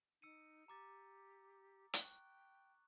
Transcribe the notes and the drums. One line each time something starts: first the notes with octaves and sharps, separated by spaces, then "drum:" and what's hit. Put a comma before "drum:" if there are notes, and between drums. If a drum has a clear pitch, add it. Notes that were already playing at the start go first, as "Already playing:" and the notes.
D#4 E6 C#7 D#7
G4 A#5 D6 A6
G5 C#6 F#6, drum: hi-hat